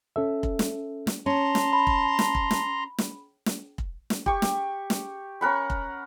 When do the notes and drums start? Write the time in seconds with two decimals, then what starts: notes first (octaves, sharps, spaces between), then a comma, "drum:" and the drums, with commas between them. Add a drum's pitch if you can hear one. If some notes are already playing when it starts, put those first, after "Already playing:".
0.16 C#4 A4 E5
0.43 drum: kick
0.59 drum: snare
1.07 drum: snare
1.26 C#4 A5 A#5 C6
1.55 drum: snare
1.73 B5
1.87 drum: kick
2.19 drum: snare
2.35 drum: kick
2.51 drum: snare
2.98 drum: snare
3.46 drum: snare
3.78 drum: kick
4.10 drum: snare
4.26 G4 C#6, drum: kick
4.42 drum: snare
4.90 drum: snare
5.41 C#4 A#4 F#5 B5
5.70 drum: kick